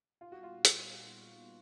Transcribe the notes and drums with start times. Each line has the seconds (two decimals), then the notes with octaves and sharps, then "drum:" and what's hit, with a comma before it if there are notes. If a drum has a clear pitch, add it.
0.21 A#2 G3 B3 D#4 F4 G4
0.32 F#4
0.43 F4
0.65 drum: hi-hat